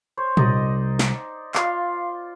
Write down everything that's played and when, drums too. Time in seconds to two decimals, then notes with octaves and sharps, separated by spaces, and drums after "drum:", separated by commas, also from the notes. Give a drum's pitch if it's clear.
0.17 C5 C#5
0.37 C2 D#4 D5 D#5, drum: tom A#2
0.99 drum: snare
1.55 F4 D5 F5, drum: clap